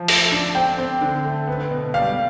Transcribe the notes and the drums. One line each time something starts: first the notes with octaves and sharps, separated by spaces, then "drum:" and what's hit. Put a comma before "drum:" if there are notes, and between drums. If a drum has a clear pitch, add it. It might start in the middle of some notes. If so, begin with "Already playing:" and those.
Already playing: F3
A3, drum: open hi-hat
D4
C4 G5
C4
D3
A3
B3
B2
G3 F5